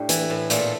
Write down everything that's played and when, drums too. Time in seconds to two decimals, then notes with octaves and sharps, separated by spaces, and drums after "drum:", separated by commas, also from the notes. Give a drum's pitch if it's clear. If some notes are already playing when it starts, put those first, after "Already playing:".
Already playing: A2 D4 G4
0.09 E3, drum: hi-hat
0.30 A2
0.50 A#2 A3, drum: hi-hat